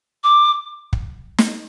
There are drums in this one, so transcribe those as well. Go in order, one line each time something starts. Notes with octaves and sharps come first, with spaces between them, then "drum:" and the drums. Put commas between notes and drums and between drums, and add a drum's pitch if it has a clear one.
D6
drum: kick
drum: snare